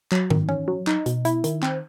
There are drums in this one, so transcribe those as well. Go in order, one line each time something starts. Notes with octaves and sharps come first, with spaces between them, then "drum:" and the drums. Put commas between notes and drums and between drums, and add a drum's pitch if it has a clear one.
F#3, drum: clap
D#3, drum: tom
C#4, drum: tom E3
F#3
D#4, drum: clap
B2, drum: hi-hat
E4, drum: hi-hat
D#3, drum: hi-hat
C4, drum: clap